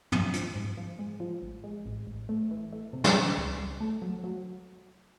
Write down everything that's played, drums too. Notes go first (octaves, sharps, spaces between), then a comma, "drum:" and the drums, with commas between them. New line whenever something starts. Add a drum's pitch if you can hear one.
C3, drum: tom
F3, drum: hi-hat
G#2
F3
G#3
F3
A1
G#3
A1
A1
A3
E3
A3
C3
drum: snare
E3
C#2
C#2
A3
F#3
F#3